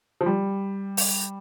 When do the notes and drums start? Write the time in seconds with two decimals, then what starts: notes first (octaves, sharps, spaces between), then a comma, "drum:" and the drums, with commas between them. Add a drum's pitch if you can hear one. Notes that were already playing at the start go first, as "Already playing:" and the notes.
0.21 F3
0.26 G3
0.97 drum: open hi-hat